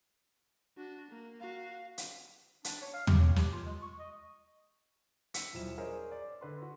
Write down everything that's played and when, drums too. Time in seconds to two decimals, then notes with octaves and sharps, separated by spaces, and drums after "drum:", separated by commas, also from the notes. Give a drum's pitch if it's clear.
0.77 D4 F#4
1.10 A#3
1.40 F#4 F5
1.98 drum: hi-hat
2.64 D4, drum: hi-hat
2.82 C#5
2.93 F5
3.07 G4, drum: tom
3.20 C#5
3.36 G4, drum: snare
3.52 F4
3.65 G#3
3.82 C#6
3.99 D#5
5.34 E6 B6 C#7, drum: hi-hat
5.53 D#1 B1 F3 E4 E7
5.78 D4 G#4 A#4 C5 C#5 D#5
6.12 D5
6.41 D3 B4 C6
6.62 F#4